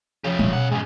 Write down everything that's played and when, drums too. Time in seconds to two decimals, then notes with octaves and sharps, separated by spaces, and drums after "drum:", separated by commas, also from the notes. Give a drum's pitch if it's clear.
0.24 C#3 F3 G4
0.39 A#2 G3, drum: tom G3
0.52 C#2 B2 F#5
0.72 G#2 C#3 G#4